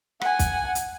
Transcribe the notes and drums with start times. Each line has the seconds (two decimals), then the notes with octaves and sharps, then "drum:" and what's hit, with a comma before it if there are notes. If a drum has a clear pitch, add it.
0.21 F#5 G#5, drum: rim click
0.39 drum: kick, hi-hat
0.75 drum: hi-hat